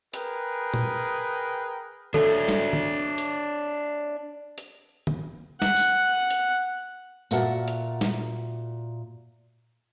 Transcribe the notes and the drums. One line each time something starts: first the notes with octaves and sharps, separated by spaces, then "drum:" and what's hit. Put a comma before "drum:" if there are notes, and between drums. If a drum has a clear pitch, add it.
G#4 A#4 B4 G5, drum: hi-hat
drum: tom A#2
D4 A4 C#5 E5, drum: tom D3
drum: snare
drum: tom D3
drum: hi-hat
drum: hi-hat
drum: tom D3
F#5, drum: snare
drum: tambourine
drum: hi-hat
A#2 F#4 A#4 E5 F#5 A5, drum: tambourine
drum: hi-hat
drum: snare